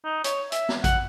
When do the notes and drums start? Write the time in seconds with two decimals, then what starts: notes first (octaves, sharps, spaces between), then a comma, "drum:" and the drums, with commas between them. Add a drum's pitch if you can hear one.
0.05 D#4
0.24 C#5, drum: hi-hat
0.52 E5, drum: hi-hat
0.69 drum: snare
0.84 F#5, drum: kick A1, hi-hat